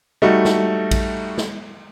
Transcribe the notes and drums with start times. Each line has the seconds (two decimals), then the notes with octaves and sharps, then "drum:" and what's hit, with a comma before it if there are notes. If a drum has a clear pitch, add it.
0.22 G3 A3 D#4 F#4
0.45 drum: snare
0.91 drum: kick A#1, cymbal
1.38 drum: snare